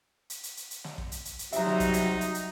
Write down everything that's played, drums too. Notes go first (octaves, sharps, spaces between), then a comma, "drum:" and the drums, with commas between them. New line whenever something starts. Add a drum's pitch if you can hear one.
drum: hi-hat
drum: hi-hat
drum: hi-hat
drum: hi-hat
drum: snare
drum: kick
drum: hi-hat
drum: hi-hat
drum: hi-hat
C3 F#3 G3 D#4 F#4 E5 A#5, drum: hi-hat
drum: snare
drum: kick, hi-hat
drum: hi-hat
drum: hi-hat
drum: hi-hat